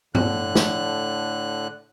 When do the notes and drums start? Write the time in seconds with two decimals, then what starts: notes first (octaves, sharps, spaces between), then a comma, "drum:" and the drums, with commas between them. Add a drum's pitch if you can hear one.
0.15 A2 D3 F#6, drum: tom
0.55 drum: snare